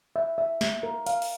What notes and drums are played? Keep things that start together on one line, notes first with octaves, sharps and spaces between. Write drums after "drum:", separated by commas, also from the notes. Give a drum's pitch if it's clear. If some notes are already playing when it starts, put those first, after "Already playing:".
E5
E5
E5, drum: snare
A#4
F5, drum: hi-hat
drum: open hi-hat